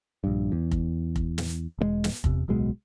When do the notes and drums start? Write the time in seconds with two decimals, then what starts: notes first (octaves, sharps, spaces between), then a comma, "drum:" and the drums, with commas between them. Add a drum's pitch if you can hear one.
0.24 A#1 G2
0.52 E2
0.71 drum: kick F1
1.16 drum: kick F1
1.38 drum: snare
1.79 E1 C3 G#3
2.04 drum: snare
2.24 E2 C3, drum: kick F1
2.48 D1 B1 B2 G#3